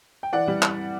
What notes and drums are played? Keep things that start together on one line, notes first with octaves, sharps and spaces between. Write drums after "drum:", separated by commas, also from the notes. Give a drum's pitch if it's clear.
G5
E3 D5 F#5
G3
drum: clap